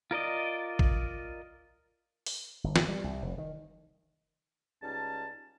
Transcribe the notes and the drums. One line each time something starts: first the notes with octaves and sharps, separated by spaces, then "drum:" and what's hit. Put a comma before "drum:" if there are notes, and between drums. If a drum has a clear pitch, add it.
F4 A#4 D5 D#5
drum: kick
drum: open hi-hat
G1
A2, drum: snare
G3
C2
F1
D#3
C#2 G3 C#4 D#4 A5